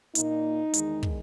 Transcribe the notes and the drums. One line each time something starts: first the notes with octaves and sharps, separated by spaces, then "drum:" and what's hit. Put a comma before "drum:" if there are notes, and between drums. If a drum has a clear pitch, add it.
A#2 A#3 D#4, drum: hi-hat
E2 D#3 G#3, drum: hi-hat
drum: kick